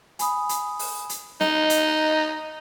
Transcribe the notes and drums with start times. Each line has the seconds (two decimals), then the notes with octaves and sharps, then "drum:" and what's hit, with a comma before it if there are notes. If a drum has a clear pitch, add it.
0.19 G#5 B5 D#6, drum: hi-hat
0.49 drum: hi-hat
0.79 drum: open hi-hat
1.09 drum: hi-hat
1.41 D#4 D#5, drum: snare
1.70 drum: hi-hat